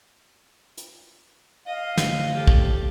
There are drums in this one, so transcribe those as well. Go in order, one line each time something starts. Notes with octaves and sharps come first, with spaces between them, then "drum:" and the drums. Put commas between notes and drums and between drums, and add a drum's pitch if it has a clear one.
drum: hi-hat
D#5 F5
D3 E3 A3, drum: snare
G4 A4
drum: kick